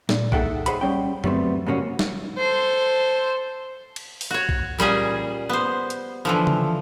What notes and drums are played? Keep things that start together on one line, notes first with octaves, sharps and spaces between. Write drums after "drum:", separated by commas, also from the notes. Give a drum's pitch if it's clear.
A#2, drum: snare
D#4 G#4 A4 E5 F#5 G5, drum: kick B1
G#4 C5 D#5 F#5 B5, drum: hi-hat
G3 C#4 G5
F#3 G3 A3 B3 C4, drum: tom F#2
G#2 C#3 G3 A#3 C#4 F#4
drum: snare
A4 C5
drum: cymbal
drum: open hi-hat
F#4 C#5
drum: kick B1
A#2 G3 C#4 G#4
B3 C5
drum: hi-hat
D3 E3 F3
drum: tom C#3